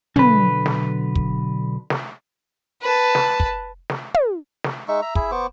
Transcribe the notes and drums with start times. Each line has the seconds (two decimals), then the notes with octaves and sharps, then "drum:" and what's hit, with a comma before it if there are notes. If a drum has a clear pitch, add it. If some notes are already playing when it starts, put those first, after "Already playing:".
0.16 B1 D3 B4, drum: tom
0.66 drum: snare
1.15 drum: kick
1.90 drum: snare
2.82 B4 A5
3.15 drum: snare
3.40 drum: kick
3.90 drum: snare
4.14 drum: tom
4.64 drum: snare
4.88 G#3 D#4 E5 C#6
5.02 E5 A#5
5.15 E4 G#4 E5, drum: kick
5.31 B3 C5 C#6 D6